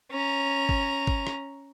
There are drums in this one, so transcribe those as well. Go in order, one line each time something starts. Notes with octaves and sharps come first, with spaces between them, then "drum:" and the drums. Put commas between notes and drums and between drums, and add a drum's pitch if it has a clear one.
C#4 A#5
drum: kick
drum: kick
drum: rim click